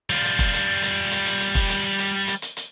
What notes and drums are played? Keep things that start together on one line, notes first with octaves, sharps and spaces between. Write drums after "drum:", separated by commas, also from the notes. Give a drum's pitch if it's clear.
G3 F4, drum: hi-hat
drum: hi-hat
drum: kick, hi-hat
drum: hi-hat
drum: hi-hat
drum: hi-hat
drum: hi-hat
drum: hi-hat
drum: kick, hi-hat
drum: hi-hat
drum: hi-hat
drum: hi-hat
drum: hi-hat
drum: hi-hat